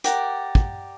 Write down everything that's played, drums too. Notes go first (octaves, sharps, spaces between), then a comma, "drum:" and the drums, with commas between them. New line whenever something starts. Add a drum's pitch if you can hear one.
G4 A#4 D5 F#5, drum: hi-hat
drum: kick